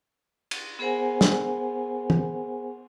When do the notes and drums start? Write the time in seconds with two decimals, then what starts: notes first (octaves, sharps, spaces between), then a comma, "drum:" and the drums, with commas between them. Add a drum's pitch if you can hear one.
0.51 drum: cymbal
0.79 B3 G#4 A#4 C5 F#5 G#5
1.21 drum: snare
2.10 drum: tom